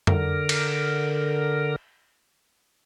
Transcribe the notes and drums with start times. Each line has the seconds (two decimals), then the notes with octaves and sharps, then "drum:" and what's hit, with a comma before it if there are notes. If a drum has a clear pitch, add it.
0.07 D3 A#4, drum: tom F2
0.49 drum: cymbal